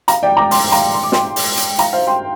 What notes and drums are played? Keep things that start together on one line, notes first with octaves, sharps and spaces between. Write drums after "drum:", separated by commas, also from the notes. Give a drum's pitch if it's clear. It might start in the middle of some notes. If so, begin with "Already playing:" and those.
F5 A#5, drum: hi-hat
D5 G5
A#5 D6
G5 C6, drum: open hi-hat
F5 A#5, drum: hi-hat
C6
D6
G5 C6, drum: snare
drum: open hi-hat
drum: hi-hat
F5 A#5, drum: hi-hat
C5 F5
G5 C6